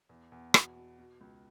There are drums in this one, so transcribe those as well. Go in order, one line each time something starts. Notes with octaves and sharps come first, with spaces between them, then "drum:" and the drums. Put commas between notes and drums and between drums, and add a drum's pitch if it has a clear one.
E2
E2
B2, drum: rim click
B2
B2
C#2